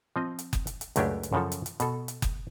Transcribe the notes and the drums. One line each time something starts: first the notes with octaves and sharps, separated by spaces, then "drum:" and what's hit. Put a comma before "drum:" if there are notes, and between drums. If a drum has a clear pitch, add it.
F3 C4 D#5
drum: hi-hat
drum: kick F#1, hi-hat
drum: hi-hat
drum: hi-hat
C#2 F#2 A3 C#4 D4 G4, drum: hi-hat
drum: hi-hat
F#2 C#3 F3 A4
drum: hi-hat
drum: hi-hat
B2 A4, drum: hi-hat
drum: hi-hat
drum: kick F#1, hi-hat